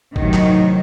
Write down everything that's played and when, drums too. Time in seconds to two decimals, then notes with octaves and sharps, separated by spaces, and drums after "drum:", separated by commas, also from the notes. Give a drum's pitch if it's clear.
0.16 A2 C3 D#3 F#3, drum: kick
0.33 drum: clap